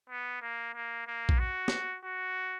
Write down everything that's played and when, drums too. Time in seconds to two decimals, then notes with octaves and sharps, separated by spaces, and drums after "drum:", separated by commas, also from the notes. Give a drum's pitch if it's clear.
0.10 B3
0.42 A#3
0.74 A#3
1.07 A#3
1.29 drum: kick A#1
1.39 F#4
1.68 drum: snare
2.04 F#4